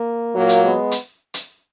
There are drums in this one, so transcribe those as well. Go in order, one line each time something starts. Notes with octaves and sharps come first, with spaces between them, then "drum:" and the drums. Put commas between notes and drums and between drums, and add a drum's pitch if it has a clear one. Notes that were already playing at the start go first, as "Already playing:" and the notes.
Already playing: A#3
A#2 F#3 A#3
drum: hi-hat
G#3 B3
drum: hi-hat
drum: hi-hat